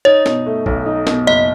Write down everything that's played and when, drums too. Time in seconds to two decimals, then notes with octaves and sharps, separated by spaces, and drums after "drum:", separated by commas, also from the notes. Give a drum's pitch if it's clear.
0.05 D#4 C#5
0.26 B2, drum: snare
0.46 A3
0.66 B1, drum: kick
0.86 D#4
1.07 B2, drum: snare
1.27 F#1 D#5